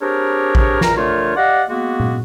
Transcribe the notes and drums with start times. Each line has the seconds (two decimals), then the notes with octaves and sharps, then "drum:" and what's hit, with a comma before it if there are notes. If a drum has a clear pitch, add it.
0.01 C4 D4 G4 G#4 A#4 C#5
0.55 drum: kick A1
0.81 E2 A#2 A#4 A#5, drum: snare
0.96 D3 A3 F4 A#4 C#5
1.37 G4 D5 D#5 F5 F#5
1.69 G#3 A#3 B3 F#4
2.00 drum: tom A#2